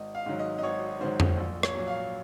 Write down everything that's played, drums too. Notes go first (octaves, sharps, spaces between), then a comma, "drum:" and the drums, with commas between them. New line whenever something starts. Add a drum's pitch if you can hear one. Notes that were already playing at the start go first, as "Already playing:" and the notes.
Already playing: G#1 D#5
F5
G#2 D#3 F#3
D#5
D#5
G#1 C#5
G#2 D#3 F#3 C5
drum: tom F2
A#1
C#5, drum: rim click
A#2 F#3
F5